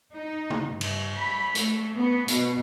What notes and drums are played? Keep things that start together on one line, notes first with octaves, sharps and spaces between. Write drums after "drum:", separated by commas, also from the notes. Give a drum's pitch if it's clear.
D#4
drum: tom C#3
G2
drum: cymbal
B5
A3, drum: hi-hat
B3
B2, drum: hi-hat